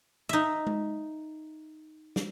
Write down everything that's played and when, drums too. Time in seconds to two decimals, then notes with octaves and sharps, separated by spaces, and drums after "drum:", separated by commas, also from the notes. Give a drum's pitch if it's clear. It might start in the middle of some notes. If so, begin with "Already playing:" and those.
0.29 D#4 E5
0.67 drum: tom G#3
2.16 drum: snare